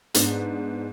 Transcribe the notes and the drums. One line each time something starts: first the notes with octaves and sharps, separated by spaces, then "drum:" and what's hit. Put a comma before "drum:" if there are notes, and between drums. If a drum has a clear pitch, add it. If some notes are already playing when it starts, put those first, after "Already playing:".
G#2 B3 D4, drum: hi-hat